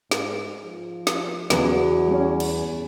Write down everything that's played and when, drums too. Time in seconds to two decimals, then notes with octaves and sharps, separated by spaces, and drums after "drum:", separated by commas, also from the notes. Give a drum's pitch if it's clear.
0.11 G#2, drum: snare
0.64 F3
1.07 drum: snare
1.50 E2 C#3 F#3 F#4 B4, drum: snare
2.08 G3 C#4
2.40 drum: cymbal